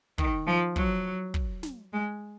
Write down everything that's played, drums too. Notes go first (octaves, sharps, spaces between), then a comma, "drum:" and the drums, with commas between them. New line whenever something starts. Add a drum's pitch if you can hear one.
D#3, drum: kick
F3
F#3, drum: kick
drum: kick
drum: snare
G#3